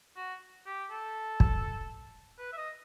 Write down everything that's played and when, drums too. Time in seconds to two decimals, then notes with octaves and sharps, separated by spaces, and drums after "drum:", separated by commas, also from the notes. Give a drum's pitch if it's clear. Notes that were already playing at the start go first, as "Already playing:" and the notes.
0.16 F#4
0.66 G4
0.90 A4
1.40 drum: kick
2.39 B4
2.53 E5
2.57 D#5